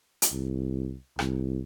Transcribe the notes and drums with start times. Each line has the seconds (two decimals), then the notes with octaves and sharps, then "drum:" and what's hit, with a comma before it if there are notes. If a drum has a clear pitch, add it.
0.22 drum: hi-hat
0.33 C2
1.19 C2, drum: rim click